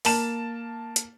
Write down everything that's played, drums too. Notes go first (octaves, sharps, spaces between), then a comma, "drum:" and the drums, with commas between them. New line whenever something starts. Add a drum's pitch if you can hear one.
A#3 A5 E7, drum: open hi-hat
drum: hi-hat